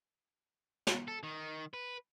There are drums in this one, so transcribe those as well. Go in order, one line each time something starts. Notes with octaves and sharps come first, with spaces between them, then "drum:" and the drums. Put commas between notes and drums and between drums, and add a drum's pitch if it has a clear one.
drum: snare
A4
D#3
B4